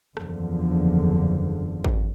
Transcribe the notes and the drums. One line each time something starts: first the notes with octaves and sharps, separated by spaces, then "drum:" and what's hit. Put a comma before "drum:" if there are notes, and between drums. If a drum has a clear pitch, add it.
F#1 E2 D3 F3, drum: rim click
drum: kick G#1